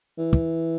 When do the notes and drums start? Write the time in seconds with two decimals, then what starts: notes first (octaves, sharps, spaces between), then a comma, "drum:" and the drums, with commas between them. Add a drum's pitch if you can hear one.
0.18 E3
0.33 drum: kick